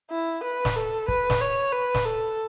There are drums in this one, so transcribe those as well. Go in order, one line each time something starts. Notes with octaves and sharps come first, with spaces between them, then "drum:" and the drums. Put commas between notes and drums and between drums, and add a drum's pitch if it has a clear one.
E4
B4
drum: snare
A4
B4, drum: kick
drum: snare
C#5
B4
drum: snare
A4